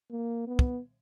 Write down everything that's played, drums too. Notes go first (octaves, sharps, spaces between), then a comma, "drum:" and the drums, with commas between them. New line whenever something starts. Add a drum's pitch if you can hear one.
A#3
B3
drum: kick